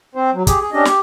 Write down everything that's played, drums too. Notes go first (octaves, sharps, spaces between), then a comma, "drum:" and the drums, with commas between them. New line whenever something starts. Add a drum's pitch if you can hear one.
C4 C5
F#3
G4 G#4, drum: kick, hi-hat
G#4
C#4 D4 G4 D#5
G4, drum: snare